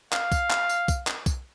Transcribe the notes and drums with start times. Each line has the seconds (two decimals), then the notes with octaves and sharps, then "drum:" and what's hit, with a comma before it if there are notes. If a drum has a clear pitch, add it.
0.13 F5, drum: clap
0.32 drum: kick B1, tambourine
0.51 drum: clap
0.69 drum: tambourine
0.88 drum: kick B1, tambourine
1.07 drum: clap
1.26 drum: kick B1, tambourine